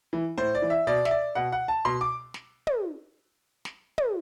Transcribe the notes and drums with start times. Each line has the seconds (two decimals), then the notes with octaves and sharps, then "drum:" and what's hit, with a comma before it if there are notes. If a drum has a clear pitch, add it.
0.13 E3
0.38 A2 C5
0.55 D5
0.62 E3
0.70 E5
0.87 B2 D5
1.05 E5, drum: snare
1.11 D5
1.35 B2 F#5
1.52 F#5
1.68 A5
1.85 B2 C6
2.01 D6
2.34 drum: snare
2.67 drum: tom
3.65 drum: snare
3.98 drum: tom